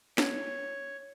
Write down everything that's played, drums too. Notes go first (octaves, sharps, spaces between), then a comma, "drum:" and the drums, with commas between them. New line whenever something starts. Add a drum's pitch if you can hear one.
C#5, drum: snare